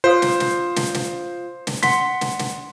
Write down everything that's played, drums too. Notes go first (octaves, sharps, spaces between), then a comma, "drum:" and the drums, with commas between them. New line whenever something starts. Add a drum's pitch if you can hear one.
F4 C5 F5 D#6
drum: snare
drum: snare
drum: snare
drum: snare
drum: snare
F#5 C6 B6, drum: snare
drum: snare
drum: snare